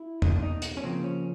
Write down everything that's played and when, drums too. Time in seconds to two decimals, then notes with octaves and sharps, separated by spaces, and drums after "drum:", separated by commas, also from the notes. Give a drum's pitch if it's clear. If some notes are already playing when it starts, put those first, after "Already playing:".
Already playing: E4
0.22 B2 G3 A#3 D#4, drum: tom
0.36 D4
0.42 D#4
0.62 drum: hi-hat
0.77 C#4
0.84 C#3 F3 A#3 C4
1.04 C#4